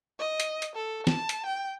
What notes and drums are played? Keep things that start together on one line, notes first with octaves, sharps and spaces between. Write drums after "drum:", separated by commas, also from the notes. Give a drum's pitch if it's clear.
D#5
drum: hi-hat
drum: hi-hat
A4
A5, drum: snare
drum: hi-hat
G5